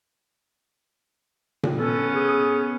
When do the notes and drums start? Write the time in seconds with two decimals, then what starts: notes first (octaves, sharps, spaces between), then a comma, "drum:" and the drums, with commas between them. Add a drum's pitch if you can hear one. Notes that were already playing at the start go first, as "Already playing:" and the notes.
1.63 drum: tom A#2
1.77 B3 C#4 A4
2.15 G#4